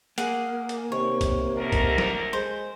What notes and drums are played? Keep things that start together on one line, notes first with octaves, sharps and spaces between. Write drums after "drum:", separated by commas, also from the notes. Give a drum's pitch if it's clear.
A#3 G#4 F#5, drum: hi-hat
drum: hi-hat
C3 D#3 C#5
drum: kick B1, hi-hat
D2 A#4
drum: kick B1, hi-hat
drum: snare
G#3 C5